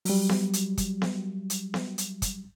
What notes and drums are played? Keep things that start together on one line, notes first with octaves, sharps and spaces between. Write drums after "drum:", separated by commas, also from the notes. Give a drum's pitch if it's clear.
F#3 G3, drum: open hi-hat
drum: snare B3
drum: hi-hat
drum: kick, hi-hat
drum: snare B3
drum: hi-hat
drum: snare B3
drum: hi-hat
drum: kick, hi-hat